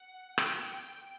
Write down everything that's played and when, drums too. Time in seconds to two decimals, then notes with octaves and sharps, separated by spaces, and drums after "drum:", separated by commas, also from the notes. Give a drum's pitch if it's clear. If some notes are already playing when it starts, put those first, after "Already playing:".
Already playing: F#5
0.38 G5, drum: rim click
0.72 G5